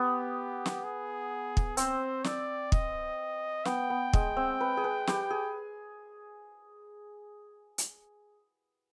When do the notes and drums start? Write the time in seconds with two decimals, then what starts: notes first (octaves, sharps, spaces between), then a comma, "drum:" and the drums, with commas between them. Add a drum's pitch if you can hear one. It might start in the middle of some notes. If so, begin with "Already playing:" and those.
Already playing: B3 G4
0.66 drum: snare
0.84 G#4
1.57 drum: kick
1.77 C4 C5, drum: hi-hat
2.24 D5, drum: snare
2.72 D#5, drum: kick
3.65 B3 G5, drum: snare
3.90 B3
4.13 G#3, drum: kick
4.37 C4
4.60 B4
4.77 G#4
4.84 B4
5.07 G4, drum: snare
5.30 G#4
7.78 drum: hi-hat